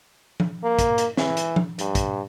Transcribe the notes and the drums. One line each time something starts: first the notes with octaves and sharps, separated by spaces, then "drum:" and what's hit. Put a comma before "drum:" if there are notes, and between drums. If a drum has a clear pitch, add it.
drum: tom F3
A#3
drum: kick, hi-hat
drum: hi-hat
E3, drum: snare
drum: hi-hat
drum: tom F3
G2, drum: hi-hat
drum: kick, hi-hat